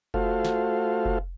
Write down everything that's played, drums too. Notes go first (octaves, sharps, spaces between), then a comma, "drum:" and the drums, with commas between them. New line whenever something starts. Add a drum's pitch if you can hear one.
A3 F4 F#4 A4 C5 F5, drum: kick F1
drum: snare
drum: kick F1